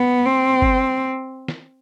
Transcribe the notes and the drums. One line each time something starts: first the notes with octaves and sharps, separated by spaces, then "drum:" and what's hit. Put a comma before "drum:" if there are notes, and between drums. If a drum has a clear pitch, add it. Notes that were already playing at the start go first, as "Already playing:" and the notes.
Already playing: B3
C4
drum: kick G1
drum: snare